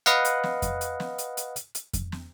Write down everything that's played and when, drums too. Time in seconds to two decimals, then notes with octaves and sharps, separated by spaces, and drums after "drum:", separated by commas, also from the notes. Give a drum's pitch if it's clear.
0.06 B4 D#5 F5 F#5, drum: hi-hat
0.25 drum: hi-hat
0.44 drum: snare
0.62 drum: kick F2, hi-hat
0.81 drum: hi-hat
1.00 drum: snare
1.19 drum: hi-hat
1.37 drum: hi-hat
1.56 drum: hi-hat
1.75 drum: hi-hat
1.94 drum: kick F2, hi-hat
2.12 drum: snare